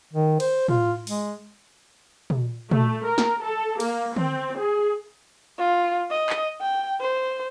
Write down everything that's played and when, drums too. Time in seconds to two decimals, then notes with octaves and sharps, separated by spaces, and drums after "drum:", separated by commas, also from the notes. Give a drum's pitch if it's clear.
0.13 D#3
0.40 C5, drum: cymbal
0.69 F4, drum: tom A2
1.07 G#3, drum: open hi-hat
2.30 drum: tom A#2
2.71 A3, drum: tom A#2
3.07 A#4
3.18 drum: snare
3.45 A4
3.80 A#3, drum: cymbal
4.16 C4, drum: tom D3
4.59 G#4
5.59 F4
6.11 D#5
6.30 drum: clap
6.61 G5
7.01 C5